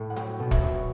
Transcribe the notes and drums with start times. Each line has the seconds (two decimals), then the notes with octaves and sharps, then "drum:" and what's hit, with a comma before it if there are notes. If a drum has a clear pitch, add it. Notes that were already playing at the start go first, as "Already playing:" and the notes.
Already playing: A2
0.10 F#5
0.16 F#3 G5, drum: hi-hat
0.40 B2
0.51 E5, drum: kick, hi-hat
0.63 F#3